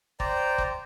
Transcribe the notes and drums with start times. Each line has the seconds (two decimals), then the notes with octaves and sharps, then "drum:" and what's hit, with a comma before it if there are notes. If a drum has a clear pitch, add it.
0.20 C5 D5 G5 A#5, drum: kick
0.58 drum: kick